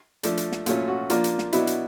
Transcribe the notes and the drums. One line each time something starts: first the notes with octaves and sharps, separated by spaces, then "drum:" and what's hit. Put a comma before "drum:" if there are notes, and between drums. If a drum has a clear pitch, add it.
F3 A3 D4, drum: hi-hat
drum: hi-hat
drum: snare
A#2 F#3 A3 C#4 F4, drum: hi-hat
F#4
F3 A#3 D4 F4, drum: hi-hat
drum: hi-hat
drum: snare
B2 F#3 B3 D4 E4, drum: hi-hat
drum: hi-hat